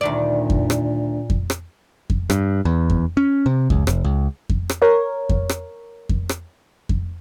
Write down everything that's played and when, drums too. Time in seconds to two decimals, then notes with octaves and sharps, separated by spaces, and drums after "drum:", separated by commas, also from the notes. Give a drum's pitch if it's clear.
0.01 D2 A#2 D#3 D5
0.50 drum: kick F2
0.70 drum: rim click
1.30 drum: kick F2
1.50 drum: rim click
2.10 drum: kick F2
2.30 G2, drum: rim click
2.65 E2
2.90 drum: kick F2
3.17 C#4
3.46 C3
3.70 C#2, drum: kick F2
3.87 F1, drum: rim click
4.04 C#2
4.49 drum: kick F2
4.69 drum: rim click
4.82 A#4 C#5
5.29 drum: kick F2
5.49 drum: rim click
6.09 drum: kick F2
6.29 drum: rim click
6.89 drum: kick F2